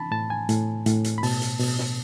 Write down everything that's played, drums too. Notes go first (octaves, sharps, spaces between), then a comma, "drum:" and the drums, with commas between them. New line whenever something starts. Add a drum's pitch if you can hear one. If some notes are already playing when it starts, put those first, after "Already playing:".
Already playing: E3 A5 B5
A2 A5
G#5
A2, drum: hi-hat
A2, drum: hi-hat
drum: hi-hat
B5
B2 A5, drum: open hi-hat
drum: hi-hat
B2, drum: open hi-hat
drum: snare